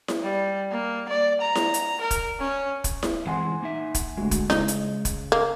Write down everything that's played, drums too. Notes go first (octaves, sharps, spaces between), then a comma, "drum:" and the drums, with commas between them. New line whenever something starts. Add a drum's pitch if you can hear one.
drum: snare E4
G3
A#3
D5
A#5
drum: snare E4
drum: hi-hat
A#4
drum: kick, hi-hat
C#4
drum: kick, hi-hat
drum: snare E4
E3 G#3 C4 F#5 G#5 C6
A#3 D#4 E5
drum: kick, hi-hat
D2 D3 G#3 F#4
drum: kick, hi-hat
C#3 D#4, drum: snare E4
drum: hi-hat
drum: kick, hi-hat
A#3